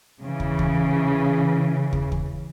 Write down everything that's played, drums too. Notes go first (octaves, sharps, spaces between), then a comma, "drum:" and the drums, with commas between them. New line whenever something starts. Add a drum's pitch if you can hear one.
C#3 E3
drum: kick
drum: kick
drum: kick
drum: kick